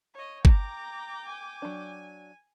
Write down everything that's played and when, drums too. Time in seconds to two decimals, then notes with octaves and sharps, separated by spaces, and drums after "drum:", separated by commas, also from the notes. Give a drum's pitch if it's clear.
0.14 C#5 D#5
0.45 G5 A#5 D6, drum: kick G1
1.29 G#5
1.62 F#3 D4